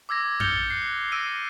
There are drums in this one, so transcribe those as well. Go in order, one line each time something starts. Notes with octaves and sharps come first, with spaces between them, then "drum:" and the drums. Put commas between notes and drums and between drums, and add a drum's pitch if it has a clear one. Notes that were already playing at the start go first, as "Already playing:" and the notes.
D6 E6 G#6 A#6
F6 G6 A6 C#7 F7 G7, drum: tom F2
F#6 C7
E6 A#6 C7 D7 D#7